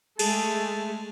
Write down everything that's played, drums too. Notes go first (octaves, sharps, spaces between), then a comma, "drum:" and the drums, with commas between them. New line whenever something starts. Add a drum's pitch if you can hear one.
G#3 A3 G#4 A5, drum: cymbal